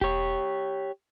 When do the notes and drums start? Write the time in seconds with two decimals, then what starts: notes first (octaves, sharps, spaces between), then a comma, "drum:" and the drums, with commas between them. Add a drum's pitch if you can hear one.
0.01 G4 C#5, drum: kick E1